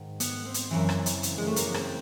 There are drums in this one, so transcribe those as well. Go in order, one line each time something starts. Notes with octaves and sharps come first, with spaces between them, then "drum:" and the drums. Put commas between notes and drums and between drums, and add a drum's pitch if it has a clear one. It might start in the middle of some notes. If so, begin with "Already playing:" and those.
Already playing: G#2 D#3
B3, drum: hi-hat
C4
drum: hi-hat
F#2 C#3 E3
drum: rim click
drum: hi-hat
drum: hi-hat
G#3
A3
A#3, drum: hi-hat
B3
C4, drum: rim click